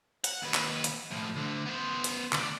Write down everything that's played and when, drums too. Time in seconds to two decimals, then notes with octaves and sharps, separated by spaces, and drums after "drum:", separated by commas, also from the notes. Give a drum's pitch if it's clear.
0.24 F#5, drum: hi-hat
0.42 D#2 B4
0.54 drum: clap
0.84 drum: hi-hat
1.11 A2 F3
1.36 D2 D3
1.66 B3 C5
2.04 drum: hi-hat
2.33 D2 D4, drum: clap